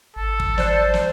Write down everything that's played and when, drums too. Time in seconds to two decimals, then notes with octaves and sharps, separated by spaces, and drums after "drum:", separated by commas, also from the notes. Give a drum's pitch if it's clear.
0.16 G#1 A4
0.40 drum: kick
0.58 C5 D5 F#6, drum: snare
0.94 drum: snare